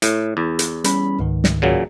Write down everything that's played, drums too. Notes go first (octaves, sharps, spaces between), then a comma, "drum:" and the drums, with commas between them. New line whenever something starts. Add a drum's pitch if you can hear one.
A2, drum: hi-hat
E2
drum: hi-hat
G3 C#4 B5, drum: hi-hat
C#2 G#2 D#3
drum: snare
A#2 C#3 F#3